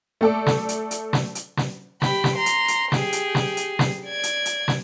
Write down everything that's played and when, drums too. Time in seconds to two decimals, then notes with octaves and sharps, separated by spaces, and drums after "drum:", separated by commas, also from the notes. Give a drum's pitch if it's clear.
0.21 A3 A4 D5
0.46 drum: snare
0.69 drum: hi-hat
0.91 drum: hi-hat
1.13 drum: snare
1.35 drum: hi-hat
1.57 drum: snare
2.02 G4 B5, drum: snare
2.24 drum: snare
2.36 A#5 C6
2.46 drum: hi-hat
2.68 drum: hi-hat
2.92 G4 G#4, drum: snare
3.13 drum: hi-hat
3.35 drum: snare
3.57 drum: hi-hat
3.79 drum: snare
4.06 D5 G#6
4.23 drum: hi-hat
4.46 drum: hi-hat
4.68 drum: snare